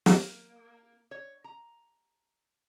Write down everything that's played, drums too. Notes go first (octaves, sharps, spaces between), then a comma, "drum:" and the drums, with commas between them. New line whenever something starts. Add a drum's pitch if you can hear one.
A#3, drum: snare
C#5
A#5